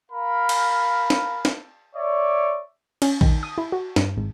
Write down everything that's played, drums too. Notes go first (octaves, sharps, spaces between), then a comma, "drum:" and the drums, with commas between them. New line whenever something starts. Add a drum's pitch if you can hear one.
A#4 F5 B5
drum: cymbal
drum: snare
drum: snare
C#5 D5 E5
C#4, drum: cymbal
D#3, drum: kick
D#6
E4
F#4
G2, drum: snare
G#1